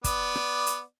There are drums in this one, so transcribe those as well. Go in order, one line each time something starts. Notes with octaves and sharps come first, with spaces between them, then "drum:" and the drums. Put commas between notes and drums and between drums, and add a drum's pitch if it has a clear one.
B3 D5, drum: kick, hi-hat
drum: rim click
drum: hi-hat